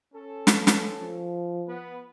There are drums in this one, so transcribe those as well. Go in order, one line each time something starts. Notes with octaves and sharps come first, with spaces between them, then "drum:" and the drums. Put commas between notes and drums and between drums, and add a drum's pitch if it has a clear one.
C#4 A4
drum: snare
drum: snare
F3
B3 B4